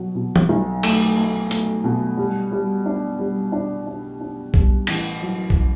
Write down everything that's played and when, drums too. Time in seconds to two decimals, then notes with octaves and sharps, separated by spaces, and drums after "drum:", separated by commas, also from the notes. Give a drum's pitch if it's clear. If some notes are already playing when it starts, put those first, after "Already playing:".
Already playing: B2 F#3
0.15 B2
0.36 drum: tom
0.49 B1
0.83 A3, drum: cymbal
1.17 A3
1.51 A3, drum: hi-hat
1.84 B2
2.17 G3
2.52 G3
2.86 D4
3.19 G3
3.52 D4
3.87 D4
4.20 D4
4.54 G3, drum: kick B1
4.87 A1, drum: cymbal
5.22 F#3
5.50 drum: kick B1